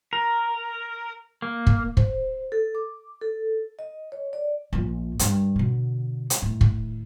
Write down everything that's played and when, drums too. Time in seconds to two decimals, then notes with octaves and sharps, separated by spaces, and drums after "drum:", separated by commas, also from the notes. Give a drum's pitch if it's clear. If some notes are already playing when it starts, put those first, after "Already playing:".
0.13 A#4
1.42 A#3
1.67 drum: kick
1.97 C5, drum: kick
2.52 A4
2.75 D6
3.21 A4
3.79 D#5
4.12 C#5
4.33 D5
4.73 A#1 A#2
5.19 G2 D#3, drum: hi-hat
5.56 B2 D3
6.30 drum: hi-hat
6.42 A2 D#3
6.61 drum: kick